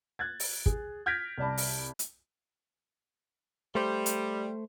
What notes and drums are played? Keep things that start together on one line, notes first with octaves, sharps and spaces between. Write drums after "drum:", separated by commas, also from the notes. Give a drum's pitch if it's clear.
F#6 G#6 A6
drum: open hi-hat
G#4, drum: kick
F6 G6 G#6 A#6 B6 D7
C2 D5 A5 B5
drum: open hi-hat
drum: hi-hat
G3 A3 C5
drum: hi-hat